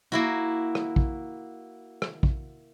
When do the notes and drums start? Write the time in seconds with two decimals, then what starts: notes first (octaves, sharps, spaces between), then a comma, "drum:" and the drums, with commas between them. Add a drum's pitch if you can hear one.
0.12 A#3 E4 F#4
0.75 drum: rim click
0.96 drum: kick
2.02 drum: rim click
2.23 drum: kick